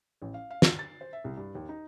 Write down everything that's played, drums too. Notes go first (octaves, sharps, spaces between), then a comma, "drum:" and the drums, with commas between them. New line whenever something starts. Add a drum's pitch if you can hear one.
A1
F5
F5
C7, drum: snare
A6
C5
E5
C2
G2
D#2
D#4